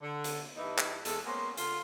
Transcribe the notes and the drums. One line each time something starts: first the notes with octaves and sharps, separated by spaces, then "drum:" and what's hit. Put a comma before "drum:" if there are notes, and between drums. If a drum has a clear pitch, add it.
D3
drum: hi-hat
G2 E3 D#4 E4
drum: clap
E2 G#3 A4, drum: hi-hat
G#3 A#3 B3 C#4 C5
D3 F4, drum: hi-hat